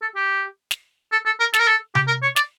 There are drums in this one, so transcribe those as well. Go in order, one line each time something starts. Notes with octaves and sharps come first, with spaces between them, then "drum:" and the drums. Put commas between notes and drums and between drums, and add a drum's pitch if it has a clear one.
A4
G4
drum: snare
A4
A4
A#4
A4, drum: snare
A#4
A4
G4, drum: tom C3
A#4
C#5
D5, drum: snare